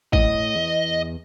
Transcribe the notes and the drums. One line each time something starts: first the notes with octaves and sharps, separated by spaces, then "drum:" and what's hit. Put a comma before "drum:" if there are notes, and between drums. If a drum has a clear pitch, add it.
A2 D#5, drum: kick
E2